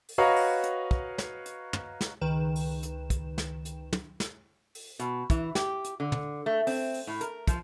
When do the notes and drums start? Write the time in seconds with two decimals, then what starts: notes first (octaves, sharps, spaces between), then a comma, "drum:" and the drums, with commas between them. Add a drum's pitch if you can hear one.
0.09 drum: open hi-hat
0.18 F#4 B4 C#5 D#5 F5 A#5
0.36 drum: open hi-hat
0.64 drum: hi-hat
0.91 drum: kick
1.18 drum: snare
1.46 drum: hi-hat
1.73 drum: tom
2.01 drum: snare
2.21 C#2 D#3 B4 G5 E7
2.55 drum: open hi-hat
2.83 drum: hi-hat
3.10 drum: kick, hi-hat
3.38 drum: snare
3.65 drum: hi-hat
3.93 drum: tom
4.20 drum: snare
4.75 drum: open hi-hat
4.99 B2, drum: hi-hat
5.30 E3, drum: kick, hi-hat
5.55 G4, drum: snare
5.85 drum: hi-hat
6.00 D3
6.12 drum: tom
6.46 A3
6.67 C4, drum: open hi-hat
6.94 drum: open hi-hat
7.07 A2
7.21 A#4, drum: hi-hat
7.48 F3, drum: kick, hi-hat